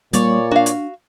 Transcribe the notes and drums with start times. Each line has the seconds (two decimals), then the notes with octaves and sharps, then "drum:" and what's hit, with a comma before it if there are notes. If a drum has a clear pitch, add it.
0.13 A#2 G3 A#3 C#5 D5, drum: hi-hat
0.51 D4 F#4 F5
0.66 drum: hi-hat